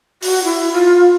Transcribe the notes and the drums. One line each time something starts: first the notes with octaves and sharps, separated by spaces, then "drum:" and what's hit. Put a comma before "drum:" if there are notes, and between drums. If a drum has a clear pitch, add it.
F#4, drum: open hi-hat
E4
F4